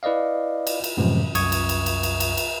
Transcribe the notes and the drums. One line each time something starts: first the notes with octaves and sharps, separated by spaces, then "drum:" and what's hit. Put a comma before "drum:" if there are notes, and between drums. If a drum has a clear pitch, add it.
E4 B4 D5 D#5 F5
drum: cymbal
drum: cymbal
F#2 A2 C3 E3 F3 G#3
C2 F#2 C#6 D#6 G#6, drum: cymbal
drum: cymbal
drum: cymbal
drum: cymbal
drum: cymbal
drum: cymbal
drum: cymbal